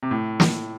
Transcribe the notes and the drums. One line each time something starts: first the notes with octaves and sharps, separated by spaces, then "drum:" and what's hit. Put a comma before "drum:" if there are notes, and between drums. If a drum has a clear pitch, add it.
C3
A2
drum: snare